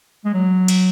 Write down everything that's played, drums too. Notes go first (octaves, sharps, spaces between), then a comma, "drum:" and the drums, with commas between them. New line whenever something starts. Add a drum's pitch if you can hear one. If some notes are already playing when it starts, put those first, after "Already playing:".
G#3
F#3
drum: cymbal